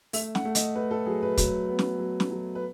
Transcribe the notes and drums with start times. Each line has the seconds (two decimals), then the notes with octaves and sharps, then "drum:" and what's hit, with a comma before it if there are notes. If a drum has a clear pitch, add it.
0.13 A3 E5, drum: open hi-hat
0.35 F#5, drum: snare
0.45 A3
0.55 D#5, drum: hi-hat
0.75 A3 B4
0.91 A4
1.06 F#3 G#4
1.22 B4
1.37 F#3, drum: kick, hi-hat
1.69 B3
1.79 drum: snare
1.99 F#3
2.20 drum: snare
2.31 F#3
2.55 B4